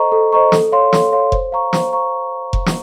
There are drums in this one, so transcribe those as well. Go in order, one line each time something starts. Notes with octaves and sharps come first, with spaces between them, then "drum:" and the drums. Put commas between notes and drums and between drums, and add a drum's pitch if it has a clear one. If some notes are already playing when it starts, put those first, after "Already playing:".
Already playing: A4 C5 D#5 A#5 C#6
A4
C5 D#5 A#5 C#6
A4, drum: snare
C#5 F5 C6
A4, drum: snare
C#5 F5 C6
C5, drum: kick F1
F5 A#5 C#6
C5, drum: snare
F5 A#5 C#6
drum: kick F1
drum: snare